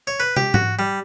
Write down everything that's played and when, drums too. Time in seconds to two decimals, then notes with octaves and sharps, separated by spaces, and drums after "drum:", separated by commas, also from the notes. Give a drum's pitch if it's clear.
0.07 C#5
0.20 B4
0.37 G4, drum: tom
0.54 F#4, drum: tom G#2
0.79 G3